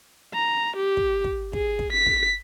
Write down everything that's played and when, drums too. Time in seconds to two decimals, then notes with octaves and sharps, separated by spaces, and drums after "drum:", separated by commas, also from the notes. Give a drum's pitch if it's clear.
0.34 A#5
0.77 G4
0.97 drum: kick
1.24 drum: kick
1.53 G#4, drum: kick
1.79 drum: kick
1.93 B6
2.06 drum: kick